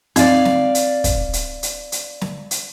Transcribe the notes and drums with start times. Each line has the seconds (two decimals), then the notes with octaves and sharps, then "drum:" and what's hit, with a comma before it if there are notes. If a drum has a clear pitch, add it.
0.16 C4 D#4 D5 D#5 F5, drum: hi-hat
0.45 drum: snare
0.75 drum: hi-hat
1.04 drum: kick, hi-hat
1.33 drum: hi-hat
1.63 drum: hi-hat
1.92 drum: hi-hat
2.21 drum: snare
2.51 drum: hi-hat